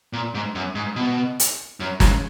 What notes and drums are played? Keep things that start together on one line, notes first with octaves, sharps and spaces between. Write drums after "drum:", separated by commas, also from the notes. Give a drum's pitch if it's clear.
A#2
G#2
F#2
G#2
B2
drum: hi-hat
F#2
G#2, drum: snare